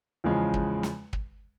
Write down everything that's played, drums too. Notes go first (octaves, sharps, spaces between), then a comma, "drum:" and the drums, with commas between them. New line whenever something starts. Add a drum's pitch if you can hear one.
E2 C#3 F3 G#3
drum: kick
drum: snare
drum: kick